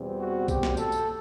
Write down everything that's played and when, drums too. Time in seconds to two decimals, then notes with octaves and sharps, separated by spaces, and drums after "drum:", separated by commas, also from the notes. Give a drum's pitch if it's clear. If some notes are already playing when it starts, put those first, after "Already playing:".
Already playing: E2 B2 G3 C4
0.19 F#4
0.48 G4, drum: kick B1, tambourine
0.63 drum: snare
0.77 A4, drum: tambourine
0.92 drum: tambourine